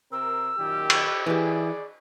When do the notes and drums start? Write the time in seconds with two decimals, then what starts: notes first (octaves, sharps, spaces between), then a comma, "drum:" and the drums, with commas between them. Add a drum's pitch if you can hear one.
0.12 C3 C4 A#4 E6
0.58 F#2 A#2 D#3 G4
0.90 drum: cymbal
1.26 E3 G4 G#4 D5